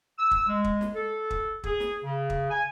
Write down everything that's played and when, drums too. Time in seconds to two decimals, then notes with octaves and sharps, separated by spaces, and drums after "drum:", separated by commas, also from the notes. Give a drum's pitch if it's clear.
0.18 E6
0.31 drum: kick
0.47 G#3
0.64 drum: kick
0.81 drum: snare
0.94 A4
1.31 drum: kick
1.64 G#4, drum: kick
1.80 drum: snare
2.03 C#3
2.30 drum: kick
2.50 G#5